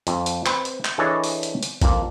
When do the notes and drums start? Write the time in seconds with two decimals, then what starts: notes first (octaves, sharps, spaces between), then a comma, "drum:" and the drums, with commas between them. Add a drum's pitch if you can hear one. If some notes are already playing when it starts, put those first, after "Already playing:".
0.07 F2, drum: hi-hat
0.26 drum: hi-hat
0.46 C4 B4, drum: clap
0.65 drum: hi-hat
0.85 drum: clap
0.98 E3 D4 G#4 A4 C#5 D#5
1.24 drum: open hi-hat
1.43 drum: hi-hat
1.63 drum: hi-hat
1.82 F2 A#3, drum: kick A#1, hi-hat